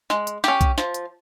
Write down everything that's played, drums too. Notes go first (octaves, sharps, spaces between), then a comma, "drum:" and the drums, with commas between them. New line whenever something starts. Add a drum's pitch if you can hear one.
G#3, drum: snare
drum: hi-hat
C#4 G4, drum: snare
drum: kick B1, hi-hat
F3, drum: snare
drum: hi-hat